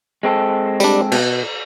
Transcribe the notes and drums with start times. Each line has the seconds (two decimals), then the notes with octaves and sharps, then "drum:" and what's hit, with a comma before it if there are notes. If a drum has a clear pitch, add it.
0.23 G#3 C4 A4
0.80 G3 D4, drum: tambourine
1.12 B2, drum: cymbal